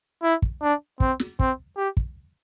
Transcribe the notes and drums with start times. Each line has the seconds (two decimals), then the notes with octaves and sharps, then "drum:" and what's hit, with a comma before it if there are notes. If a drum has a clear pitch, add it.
0.23 E4
0.42 drum: kick
0.62 D4
1.00 C4, drum: kick
1.20 drum: snare
1.39 C4, drum: kick
1.77 G4
1.97 drum: kick